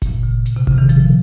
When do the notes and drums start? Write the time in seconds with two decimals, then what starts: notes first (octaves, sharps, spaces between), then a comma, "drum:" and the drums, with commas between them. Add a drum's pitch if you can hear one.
0.02 A#2, drum: kick G1, hi-hat
0.23 C#3
0.46 C#3, drum: hi-hat
0.56 C3
0.67 C#3, drum: kick G1
0.78 C3 D#3
0.89 C#3 F3, drum: hi-hat